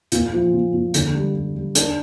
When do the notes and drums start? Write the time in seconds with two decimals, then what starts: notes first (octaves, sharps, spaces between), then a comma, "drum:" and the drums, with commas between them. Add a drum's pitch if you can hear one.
0.12 A#2, drum: hi-hat
0.33 F3
0.53 A#2
0.73 A#2
0.94 D3, drum: hi-hat
1.14 G3
1.35 G3
1.55 G3
1.75 D4, drum: hi-hat